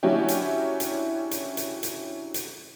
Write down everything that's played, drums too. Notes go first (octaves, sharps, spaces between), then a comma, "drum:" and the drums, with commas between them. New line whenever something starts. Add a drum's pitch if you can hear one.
F#3 C#4 D4 E4 F#4 G4
drum: hi-hat
drum: hi-hat
drum: hi-hat
drum: hi-hat
drum: hi-hat
drum: hi-hat